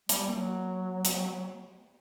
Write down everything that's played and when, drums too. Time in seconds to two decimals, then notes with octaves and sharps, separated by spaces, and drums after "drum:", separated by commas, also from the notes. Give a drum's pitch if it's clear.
0.09 G3, drum: hi-hat
0.29 F#3 A#3
1.05 drum: hi-hat